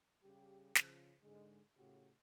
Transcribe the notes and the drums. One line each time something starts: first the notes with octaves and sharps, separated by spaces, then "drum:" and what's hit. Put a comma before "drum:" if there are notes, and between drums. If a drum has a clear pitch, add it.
C#3 G3 G4
C#3 F3, drum: snare
G#2 D3 G#3
A2 C#3 F#4 G4